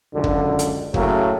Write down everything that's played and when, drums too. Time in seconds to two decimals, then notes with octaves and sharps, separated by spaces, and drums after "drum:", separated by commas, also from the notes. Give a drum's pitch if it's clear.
0.13 C#2 F#2 D3
0.24 drum: kick
0.59 drum: hi-hat
0.94 A2 C#3 F#3 A#3, drum: kick